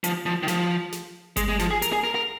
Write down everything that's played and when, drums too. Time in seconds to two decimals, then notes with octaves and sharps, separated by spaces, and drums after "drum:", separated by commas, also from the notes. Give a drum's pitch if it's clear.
0.04 F3, drum: hi-hat
0.26 F3
0.43 D#3
0.48 F3, drum: snare
0.92 drum: snare
1.37 G#3, drum: kick G1, hi-hat
1.49 G#3
1.59 F3, drum: snare
1.71 G#4
1.82 A#4, drum: hi-hat
1.93 G#4
2.04 A#4
2.15 A#4